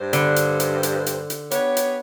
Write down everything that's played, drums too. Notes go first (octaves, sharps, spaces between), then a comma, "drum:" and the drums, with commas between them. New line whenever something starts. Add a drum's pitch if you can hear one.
G2 C5
D3, drum: hi-hat
drum: hi-hat
drum: hi-hat
drum: hi-hat
drum: hi-hat
drum: hi-hat
B3 G4 C#5, drum: hi-hat
drum: hi-hat